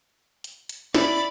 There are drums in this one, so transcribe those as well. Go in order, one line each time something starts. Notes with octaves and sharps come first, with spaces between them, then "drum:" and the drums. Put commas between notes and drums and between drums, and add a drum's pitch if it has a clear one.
drum: hi-hat
drum: hi-hat
E4 D5 B5, drum: snare